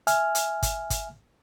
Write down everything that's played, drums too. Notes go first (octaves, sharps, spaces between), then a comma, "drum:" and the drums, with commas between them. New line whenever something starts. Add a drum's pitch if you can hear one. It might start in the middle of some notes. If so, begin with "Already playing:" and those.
E5 G#5 F6, drum: hi-hat
drum: hi-hat
drum: kick, hi-hat
drum: kick, hi-hat